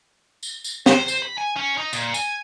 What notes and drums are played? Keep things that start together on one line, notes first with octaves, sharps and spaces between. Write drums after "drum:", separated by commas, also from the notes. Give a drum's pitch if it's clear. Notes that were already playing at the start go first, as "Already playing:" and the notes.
drum: tambourine
drum: tambourine
C5, drum: snare
drum: tambourine
B5
G#5
C#4
D#4
A#2, drum: tambourine
G#5, drum: tambourine